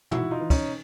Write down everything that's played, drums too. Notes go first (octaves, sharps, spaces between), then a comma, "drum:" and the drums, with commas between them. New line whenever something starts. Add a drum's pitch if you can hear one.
G#2 E4 F#4, drum: tom
D#4 F4
E3
C#4 D#4, drum: kick, cymbal